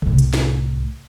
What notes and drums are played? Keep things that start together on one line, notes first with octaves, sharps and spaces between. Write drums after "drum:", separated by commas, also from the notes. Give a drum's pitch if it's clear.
C2 A2, drum: tom C3
drum: hi-hat
drum: snare